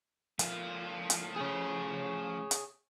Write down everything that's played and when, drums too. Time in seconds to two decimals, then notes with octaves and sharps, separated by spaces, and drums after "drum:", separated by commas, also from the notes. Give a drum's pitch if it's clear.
0.39 F3 A3 A#3 F4, drum: hi-hat
1.10 drum: hi-hat
1.36 A3 C#4 G#4 C#5
2.51 drum: hi-hat